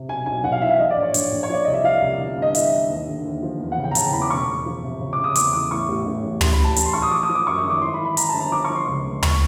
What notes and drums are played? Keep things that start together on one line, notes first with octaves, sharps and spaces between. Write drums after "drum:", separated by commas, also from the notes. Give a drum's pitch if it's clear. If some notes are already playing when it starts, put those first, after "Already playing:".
Already playing: C3
B1 G#5
B1 G#5
B1 F#5
F5
E3 E5
F5
F3 D#5
D5
A#1
C#5
A#1, drum: hi-hat
A#1
C#5
F3 D5
C2 D#5
E5
F3 F5
C2
G1
G2
D#5
E3 E5, drum: hi-hat
E3
D#2
D3
D#2
F3
E2
F#5
C#3
G5
A#5
C#3 A5, drum: hi-hat
E2 B5
D6
E1 C#6
E1
F3
C3
C#3
D6
C#3
D#6
E2 D6, drum: hi-hat
E2 D6
A2 C#6
A1
A1
A1
A1 C6, drum: tom
B5
A1
A5
A1 A5, drum: hi-hat
C6
A1 C#6
D#6
F3 D6
D#6
F3
D6
F#2 C#6
D#6
G#1
D6
E3 C6
B5
E3
B5
E3 A#5, drum: hi-hat
A5
G1
A#5
F3 D6
C#6
F3
C6
C#2
C#2
C#6, drum: tom